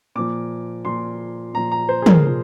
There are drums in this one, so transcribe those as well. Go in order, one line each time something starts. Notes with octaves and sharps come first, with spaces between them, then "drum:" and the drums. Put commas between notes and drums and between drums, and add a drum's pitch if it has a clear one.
A#2 F3 D6
A#2 F3 C6
A#2 F3 A#5
A#5
C5
G#4
A#4, drum: tom
A#2 F3